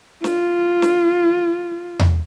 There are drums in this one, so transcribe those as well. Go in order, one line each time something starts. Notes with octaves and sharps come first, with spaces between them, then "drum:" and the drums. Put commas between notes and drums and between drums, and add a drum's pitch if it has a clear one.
F4, drum: snare
drum: snare
drum: tom E2